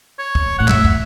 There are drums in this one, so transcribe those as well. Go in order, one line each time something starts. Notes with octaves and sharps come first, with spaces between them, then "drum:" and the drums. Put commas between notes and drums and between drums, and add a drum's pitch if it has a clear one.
C#5
drum: kick
A2 F#5
F#2 E5, drum: clap
drum: kick